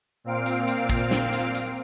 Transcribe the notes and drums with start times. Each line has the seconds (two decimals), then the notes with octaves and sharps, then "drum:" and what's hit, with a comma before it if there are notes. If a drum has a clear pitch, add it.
0.24 A#2 C4 F5 D7
0.46 drum: hi-hat
0.68 drum: hi-hat
0.89 drum: kick, hi-hat
1.11 drum: snare
1.33 drum: hi-hat
1.55 drum: hi-hat